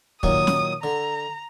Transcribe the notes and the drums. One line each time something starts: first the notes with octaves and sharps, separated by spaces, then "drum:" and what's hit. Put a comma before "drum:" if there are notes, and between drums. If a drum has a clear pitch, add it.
A#2 D#3 F#3 D#6, drum: kick
drum: snare
D3 A#5